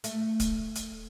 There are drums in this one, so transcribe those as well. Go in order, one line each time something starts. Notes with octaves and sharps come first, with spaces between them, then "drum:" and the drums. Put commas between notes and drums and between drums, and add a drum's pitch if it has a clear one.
A3, drum: hi-hat
drum: kick, hi-hat
drum: hi-hat